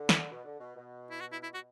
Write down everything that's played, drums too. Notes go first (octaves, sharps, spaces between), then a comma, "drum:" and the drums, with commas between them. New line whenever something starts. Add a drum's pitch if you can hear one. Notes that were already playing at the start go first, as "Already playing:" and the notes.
Already playing: D3
E4, drum: snare
B2
D3
B2
B2
E4
F#4
E4
E4
F#4